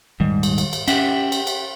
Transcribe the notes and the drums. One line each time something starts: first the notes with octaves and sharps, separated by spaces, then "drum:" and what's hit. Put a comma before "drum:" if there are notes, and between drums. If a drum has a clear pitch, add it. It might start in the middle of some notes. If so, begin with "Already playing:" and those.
D#1 G#2 D#3 G3
drum: cymbal
drum: cymbal
drum: cymbal
C#4 G4 E5 F#5, drum: cymbal
drum: cymbal
drum: cymbal